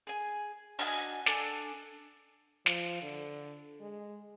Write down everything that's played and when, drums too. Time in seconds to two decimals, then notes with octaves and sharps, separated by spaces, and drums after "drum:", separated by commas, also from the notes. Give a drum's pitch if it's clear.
0.07 G#4 G#5
0.79 D4 F#4 D#5 G#5, drum: open hi-hat
1.26 D4 A4 G#5 E6, drum: snare
2.66 F3, drum: snare
3.02 D3
3.81 G#3